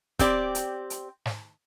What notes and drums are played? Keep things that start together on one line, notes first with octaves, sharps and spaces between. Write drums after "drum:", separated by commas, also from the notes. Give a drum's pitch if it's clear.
C4 G4 D5, drum: kick, hi-hat
drum: hi-hat
drum: hi-hat
drum: snare